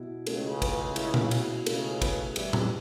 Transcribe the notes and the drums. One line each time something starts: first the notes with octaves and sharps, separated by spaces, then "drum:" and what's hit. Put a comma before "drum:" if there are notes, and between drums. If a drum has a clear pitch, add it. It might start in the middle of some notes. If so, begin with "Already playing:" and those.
Already playing: B2 E4
C#2 C#3 A3, drum: cymbal
B4, drum: kick, cymbal
E4, drum: cymbal
drum: tom A#2
B2, drum: cymbal
C#2 C#3 A3, drum: cymbal
B4, drum: kick, cymbal
E2 E3 G3, drum: cymbal
drum: tom A2